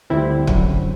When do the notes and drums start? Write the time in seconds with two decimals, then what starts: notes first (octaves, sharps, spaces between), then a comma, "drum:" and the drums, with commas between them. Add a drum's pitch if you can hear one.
0.10 D2 D3 G3 C4 E4
0.47 F#2 D3 F#3, drum: kick